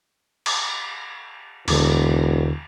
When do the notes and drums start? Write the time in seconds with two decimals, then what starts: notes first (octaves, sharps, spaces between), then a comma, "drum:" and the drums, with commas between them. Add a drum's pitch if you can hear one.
0.46 drum: cymbal
1.68 E1 D#2 D3, drum: cymbal